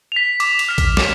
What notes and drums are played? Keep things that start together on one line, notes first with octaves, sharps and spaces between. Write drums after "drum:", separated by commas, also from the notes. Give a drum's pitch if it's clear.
B6 F7
D6, drum: cymbal
drum: cymbal
F6 B6
drum: kick, cymbal
D6, drum: snare